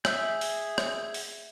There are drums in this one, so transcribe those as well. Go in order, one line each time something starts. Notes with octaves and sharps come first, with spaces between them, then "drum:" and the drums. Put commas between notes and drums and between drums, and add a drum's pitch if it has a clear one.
G#4 E5 E6 G6, drum: rim click
drum: open hi-hat
drum: rim click
drum: open hi-hat